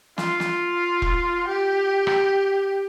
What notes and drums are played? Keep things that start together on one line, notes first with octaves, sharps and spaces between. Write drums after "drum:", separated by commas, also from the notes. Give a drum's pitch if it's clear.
F4, drum: snare
drum: snare
drum: kick E1
G4
drum: rim click